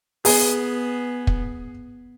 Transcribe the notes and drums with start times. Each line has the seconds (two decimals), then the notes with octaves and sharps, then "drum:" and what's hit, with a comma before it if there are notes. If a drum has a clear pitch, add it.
0.25 B3 G#4, drum: open hi-hat
1.27 drum: kick